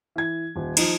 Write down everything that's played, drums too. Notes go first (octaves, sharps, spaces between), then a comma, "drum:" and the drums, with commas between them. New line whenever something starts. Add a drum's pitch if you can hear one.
E3 G#6
D#1
F3 D#4, drum: cymbal